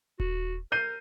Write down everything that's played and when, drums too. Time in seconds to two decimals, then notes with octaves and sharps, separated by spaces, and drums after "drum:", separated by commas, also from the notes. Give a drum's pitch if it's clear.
0.20 F#4, drum: kick D#1
0.72 A#4 G6 C7 D#7